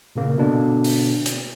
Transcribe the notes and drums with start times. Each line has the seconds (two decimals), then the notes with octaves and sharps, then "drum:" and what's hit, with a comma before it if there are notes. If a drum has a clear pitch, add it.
0.16 A#2 C#3 A#3
0.38 B2 D3 D4
0.84 drum: open hi-hat
1.26 drum: hi-hat